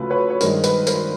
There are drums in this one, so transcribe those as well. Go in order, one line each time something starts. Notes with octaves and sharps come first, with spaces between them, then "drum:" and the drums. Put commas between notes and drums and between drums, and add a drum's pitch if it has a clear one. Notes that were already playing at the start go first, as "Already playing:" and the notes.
Already playing: D2 C#3 F3 A3 B4
B4 C#5
C#5
G2 D#3 G#3 A#4 C5, drum: tambourine
B4, drum: tambourine
A#4 C5, drum: tambourine